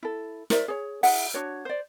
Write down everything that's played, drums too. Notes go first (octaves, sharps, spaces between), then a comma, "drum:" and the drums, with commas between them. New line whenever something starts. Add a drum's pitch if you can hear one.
E4 A4
A#4 C5 D5 E5, drum: snare
G#4 C#5
E4 G#4 E5 F#5, drum: open hi-hat
D4 F#4 C#5
C5 D5